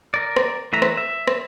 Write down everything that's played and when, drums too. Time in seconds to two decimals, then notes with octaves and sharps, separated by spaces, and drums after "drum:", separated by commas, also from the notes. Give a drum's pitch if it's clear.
0.14 A#4 D5
0.36 drum: rim click
0.73 E3 A3 E5 A#5
0.82 drum: rim click
0.97 E5
1.27 drum: rim click